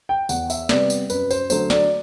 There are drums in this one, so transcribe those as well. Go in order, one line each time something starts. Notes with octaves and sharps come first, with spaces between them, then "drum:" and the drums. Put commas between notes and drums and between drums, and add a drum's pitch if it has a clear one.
G5
E2 F#5, drum: tambourine
E5, drum: tambourine
C3 G3 B3 D5, drum: snare
drum: tambourine
F#2 B4, drum: tambourine
C5, drum: tambourine
D3 F#3 A3 C5, drum: tambourine
D5, drum: snare